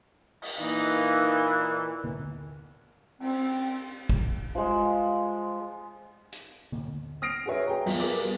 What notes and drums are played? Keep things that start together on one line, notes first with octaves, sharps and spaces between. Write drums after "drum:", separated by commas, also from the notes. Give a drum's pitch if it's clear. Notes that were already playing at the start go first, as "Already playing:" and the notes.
drum: cymbal
A#2 E3 A#3 D#4
drum: tom D3
C4, drum: cymbal
drum: kick
F3 G#3
drum: hi-hat
drum: tom D3
D#6 F6 A#6 C7 D7
F#4 G#4 B4 C#5 E5
G#4 G5 A#5
E2 F3, drum: cymbal
G#4 A#4 B4 D6
G3 B3